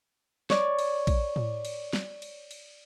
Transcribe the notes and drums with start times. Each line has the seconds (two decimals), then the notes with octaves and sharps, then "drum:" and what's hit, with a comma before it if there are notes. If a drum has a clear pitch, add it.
0.50 C#5 D5, drum: snare
0.79 drum: cymbal
1.07 drum: kick A#1, cymbal
1.36 drum: tom A2
1.65 drum: cymbal
1.93 drum: snare
2.22 drum: cymbal
2.51 drum: cymbal